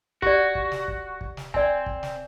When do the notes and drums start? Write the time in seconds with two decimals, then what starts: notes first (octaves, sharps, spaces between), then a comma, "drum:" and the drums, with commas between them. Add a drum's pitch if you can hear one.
0.22 F#4 G4 D5, drum: kick
0.55 drum: kick
0.72 drum: snare
0.88 drum: kick
1.21 drum: kick
1.37 drum: snare
1.54 C4 D5 G#5, drum: kick
1.86 drum: kick
2.03 drum: snare